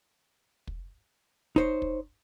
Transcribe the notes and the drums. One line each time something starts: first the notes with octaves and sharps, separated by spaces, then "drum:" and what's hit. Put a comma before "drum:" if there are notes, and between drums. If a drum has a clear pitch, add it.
drum: kick
D#4 C5 C#5, drum: kick
drum: kick